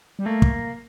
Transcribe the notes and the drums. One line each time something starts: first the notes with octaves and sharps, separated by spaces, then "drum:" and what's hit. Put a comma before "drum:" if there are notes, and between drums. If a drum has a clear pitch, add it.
G3
A3 A#3
drum: kick